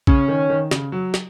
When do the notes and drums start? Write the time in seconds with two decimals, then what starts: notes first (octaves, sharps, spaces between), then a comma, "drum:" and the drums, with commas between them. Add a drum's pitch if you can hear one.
0.07 C#3 C#4, drum: kick A#1
0.28 D#3
0.50 D#3
0.71 C#3, drum: snare
0.92 F#3
1.14 drum: snare